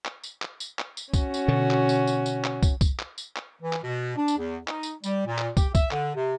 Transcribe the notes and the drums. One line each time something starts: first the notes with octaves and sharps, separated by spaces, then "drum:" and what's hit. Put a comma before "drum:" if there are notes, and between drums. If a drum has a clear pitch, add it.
drum: clap
drum: tambourine
drum: clap
drum: tambourine
drum: clap
drum: tambourine
C#4 F#4, drum: kick, tambourine
drum: tambourine
B2 D3
drum: clap
drum: tambourine
drum: tambourine
drum: tambourine
drum: clap
drum: kick, tambourine
drum: kick, tambourine
drum: clap
drum: tambourine
drum: clap
E3
drum: clap
B2
D4
drum: tambourine
E2
D#4, drum: clap
drum: tambourine
G3, drum: tambourine
A#2
drum: clap
G4, drum: kick, tambourine
E5, drum: kick, tambourine
D3, drum: clap
C3